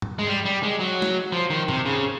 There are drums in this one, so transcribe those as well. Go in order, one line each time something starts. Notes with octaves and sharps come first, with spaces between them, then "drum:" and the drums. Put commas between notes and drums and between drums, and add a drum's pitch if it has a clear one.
drum: tom G#2
G#3
G3
G3
G#3
F#3
drum: snare
F3
D#3
C3, drum: tom G#2
C#3